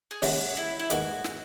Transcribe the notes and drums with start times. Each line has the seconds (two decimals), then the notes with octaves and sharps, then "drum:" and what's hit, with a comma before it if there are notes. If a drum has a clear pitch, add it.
0.11 G#4
0.22 D#2 C#3 G#3 C#4 E4 F#4, drum: open hi-hat
0.57 E4
0.79 E4
0.90 G#2 D#3 G#3 B3 F#4, drum: hi-hat
1.24 drum: snare